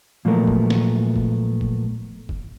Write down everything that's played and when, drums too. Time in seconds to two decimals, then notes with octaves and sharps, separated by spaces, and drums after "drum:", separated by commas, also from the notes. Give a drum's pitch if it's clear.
0.25 A#2 F3 F#3 A3 B3 A#4
0.48 drum: kick
0.70 drum: snare
1.16 drum: kick
1.61 drum: kick
2.29 drum: kick